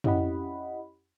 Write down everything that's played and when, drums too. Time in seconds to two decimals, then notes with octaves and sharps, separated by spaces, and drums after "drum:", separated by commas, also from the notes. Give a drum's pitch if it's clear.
0.04 C#4 E4 G4 D#5 F#5 B5, drum: tom